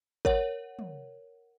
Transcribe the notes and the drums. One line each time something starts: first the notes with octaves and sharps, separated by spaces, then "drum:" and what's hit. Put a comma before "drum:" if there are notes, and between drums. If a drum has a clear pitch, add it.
A#4 C#5 F#5, drum: kick G#1
drum: tom